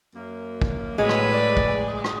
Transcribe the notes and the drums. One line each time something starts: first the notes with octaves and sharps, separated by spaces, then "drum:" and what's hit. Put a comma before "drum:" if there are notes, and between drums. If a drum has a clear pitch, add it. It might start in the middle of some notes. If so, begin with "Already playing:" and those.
F#2 A#3
drum: kick
A2 F#3 G#3 B3 B4 C#5
drum: rim click
D5
drum: kick
drum: rim click